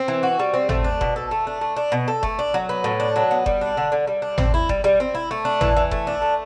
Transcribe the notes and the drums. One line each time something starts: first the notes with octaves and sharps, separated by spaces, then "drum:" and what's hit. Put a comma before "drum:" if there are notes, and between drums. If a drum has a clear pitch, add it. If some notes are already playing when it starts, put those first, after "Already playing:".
Already playing: C4
E3
F#4
G3
C4
A3, drum: tom G#1
D4
B2, drum: kick F#1
A4
A3
D4
A3
D4
B2
A4
A3, drum: kick F#1
D4
F#3
B3
A2
D4
F#3
B3
G3, drum: kick F#1
D4
D3
D3
G3
D4
C4, drum: tom G#1
E4
G3, drum: kick F#1
G3
C4
E4
A3
D4
E3, drum: tom G#1
E3
A3, drum: kick F#1
D4
A3